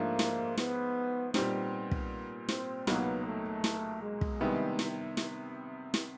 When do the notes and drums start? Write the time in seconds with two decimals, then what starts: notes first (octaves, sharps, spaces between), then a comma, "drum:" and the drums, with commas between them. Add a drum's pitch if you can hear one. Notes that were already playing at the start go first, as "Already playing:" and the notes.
Already playing: G#2 F3 A3 A#3 D4
0.19 drum: snare
0.57 B3, drum: snare
1.34 A#2 G3 B3 C4 D#4, drum: snare
1.91 drum: kick
2.49 C4, drum: snare
2.87 C#2 B2 F#3 A#3 B3 D#4, drum: snare
3.25 A3
3.64 drum: snare
4.02 G#3
4.21 drum: kick
4.41 C3 D#3 G3 B3 E4
4.79 drum: snare
5.17 drum: snare
5.94 drum: snare